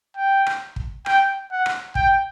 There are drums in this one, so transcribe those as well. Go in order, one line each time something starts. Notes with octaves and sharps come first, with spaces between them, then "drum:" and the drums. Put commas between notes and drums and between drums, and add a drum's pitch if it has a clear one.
G5
drum: rim click
drum: kick
G5, drum: rim click
F#5
drum: rim click
G5, drum: kick